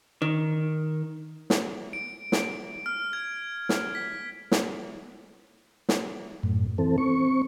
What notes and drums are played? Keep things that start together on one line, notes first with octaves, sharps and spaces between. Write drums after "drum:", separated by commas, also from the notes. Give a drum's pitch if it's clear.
D#3
drum: snare
D7
drum: snare
F6
G#6
drum: snare
B6
drum: snare
drum: snare
F#2 A2
E3 C4 A4
C4 C#6